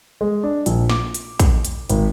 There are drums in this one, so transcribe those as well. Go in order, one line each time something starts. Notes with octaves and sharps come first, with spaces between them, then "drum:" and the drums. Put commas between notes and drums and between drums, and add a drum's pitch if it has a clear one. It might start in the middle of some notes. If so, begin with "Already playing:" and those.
G#3
D4
A#1, drum: hi-hat
D6, drum: snare
drum: hi-hat
drum: kick, hi-hat
drum: hi-hat
G#1, drum: hi-hat